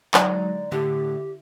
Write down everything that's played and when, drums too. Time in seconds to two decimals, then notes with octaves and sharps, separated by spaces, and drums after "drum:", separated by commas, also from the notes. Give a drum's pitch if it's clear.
0.14 D3 F#3 G#3 D#4 D5 A#5, drum: clap
0.72 A2 D3 G4